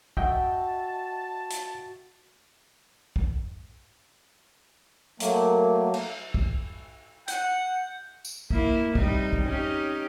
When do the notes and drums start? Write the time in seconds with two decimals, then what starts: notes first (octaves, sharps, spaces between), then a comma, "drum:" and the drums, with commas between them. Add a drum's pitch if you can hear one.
0.17 F#4 D#5 E5 G5 A5, drum: kick
1.50 drum: hi-hat
3.16 drum: kick
5.20 F#3 A3 A#3, drum: hi-hat
5.94 drum: cymbal
6.34 drum: kick
7.28 F#5 G6, drum: hi-hat
8.25 drum: tambourine
8.50 A#3 E4, drum: kick
8.95 C3 G3 D#4, drum: kick
9.33 drum: kick
9.44 C#4 D#4 G4